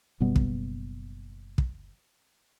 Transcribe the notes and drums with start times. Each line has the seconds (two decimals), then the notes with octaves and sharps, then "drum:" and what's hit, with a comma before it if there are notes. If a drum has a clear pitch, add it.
0.20 F#1 B2 G3 B3
0.36 drum: kick
1.58 drum: kick